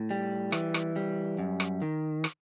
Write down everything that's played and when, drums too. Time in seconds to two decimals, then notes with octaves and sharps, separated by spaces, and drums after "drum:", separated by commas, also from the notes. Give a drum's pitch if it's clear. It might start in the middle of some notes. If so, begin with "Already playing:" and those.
Already playing: A2
0.11 G3
0.52 E3, drum: rim click
0.74 drum: rim click
0.96 G3
1.38 F#2
1.60 drum: rim click
1.82 D#3
2.24 drum: rim click